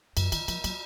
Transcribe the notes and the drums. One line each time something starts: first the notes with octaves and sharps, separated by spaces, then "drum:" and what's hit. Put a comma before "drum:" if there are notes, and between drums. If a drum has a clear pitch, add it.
F#2, drum: cymbal
D#3, drum: cymbal
F3, drum: cymbal
F#3, drum: cymbal